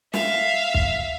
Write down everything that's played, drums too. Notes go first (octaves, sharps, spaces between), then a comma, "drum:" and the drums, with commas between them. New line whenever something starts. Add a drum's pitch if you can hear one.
E5 F5, drum: snare
drum: kick